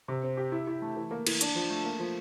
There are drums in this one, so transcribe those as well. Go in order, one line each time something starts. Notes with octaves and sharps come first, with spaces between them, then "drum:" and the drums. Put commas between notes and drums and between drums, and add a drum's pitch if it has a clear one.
C3
C4
G4
E4
E4
A3
E3
A#3
E3, drum: cymbal
D4, drum: hi-hat
F3
A3
A#3
F3